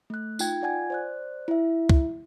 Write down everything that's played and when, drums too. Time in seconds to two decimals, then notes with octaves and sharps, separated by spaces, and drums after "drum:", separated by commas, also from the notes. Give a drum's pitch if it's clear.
0.10 A3 F#6
0.39 D#4 F4 G5 G#6, drum: tambourine
0.62 F4 D5 F#5 G#5 G#6
0.90 C5 D5 F#6
1.48 E4 E5
1.89 drum: kick C#2